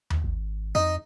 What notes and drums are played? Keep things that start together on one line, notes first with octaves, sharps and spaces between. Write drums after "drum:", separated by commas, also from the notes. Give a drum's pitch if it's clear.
drum: tom D#2
G#1
F2 D#4